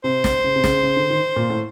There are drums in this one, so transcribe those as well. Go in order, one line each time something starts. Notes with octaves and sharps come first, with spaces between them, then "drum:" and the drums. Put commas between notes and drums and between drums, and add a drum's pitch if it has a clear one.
C3 C5
drum: snare
C#3
C3
C#3, drum: snare
C#3
D3
D#3
A#2
A2